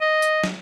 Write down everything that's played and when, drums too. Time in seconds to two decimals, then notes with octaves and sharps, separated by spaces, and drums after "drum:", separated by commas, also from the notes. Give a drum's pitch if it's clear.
0.01 D#5
0.22 drum: tambourine
0.44 drum: snare